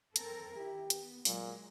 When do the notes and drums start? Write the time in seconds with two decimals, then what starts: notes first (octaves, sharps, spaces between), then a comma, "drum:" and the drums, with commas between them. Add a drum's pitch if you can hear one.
0.16 C4 A4 A#4, drum: hi-hat
0.56 D#3 E4 G4
0.90 B3, drum: hi-hat
1.25 A#2 F#3 G#3, drum: open hi-hat